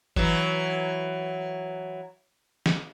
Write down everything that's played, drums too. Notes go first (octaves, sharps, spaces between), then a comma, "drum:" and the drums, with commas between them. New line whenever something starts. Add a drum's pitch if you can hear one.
E3 F#3, drum: kick F#1
drum: snare